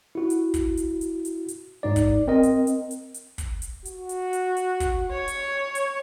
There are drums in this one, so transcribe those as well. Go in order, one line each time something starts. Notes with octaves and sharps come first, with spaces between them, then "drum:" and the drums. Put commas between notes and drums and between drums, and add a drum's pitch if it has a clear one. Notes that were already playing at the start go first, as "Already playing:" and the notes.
E4 F#4
drum: hi-hat
drum: kick, hi-hat
drum: hi-hat
drum: hi-hat
drum: hi-hat
drum: hi-hat
G#2 D#4 D5
drum: kick, hi-hat
C4 A#4 D#5
drum: hi-hat
drum: hi-hat
drum: hi-hat
drum: hi-hat
drum: kick, hi-hat
drum: hi-hat
F#4, drum: hi-hat
drum: hi-hat
drum: hi-hat
drum: hi-hat
drum: kick, hi-hat
C#5
drum: hi-hat
drum: hi-hat